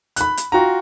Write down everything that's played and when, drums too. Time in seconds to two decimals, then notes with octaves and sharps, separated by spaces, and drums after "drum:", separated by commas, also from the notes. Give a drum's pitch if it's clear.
0.16 B5 F#6, drum: hi-hat
0.37 drum: hi-hat
0.52 F4 F#4 G5 A#5